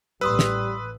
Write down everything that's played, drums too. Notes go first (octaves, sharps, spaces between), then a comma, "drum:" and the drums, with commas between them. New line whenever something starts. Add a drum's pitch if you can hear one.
A1 G3 B4 C6 D#6 E6
drum: snare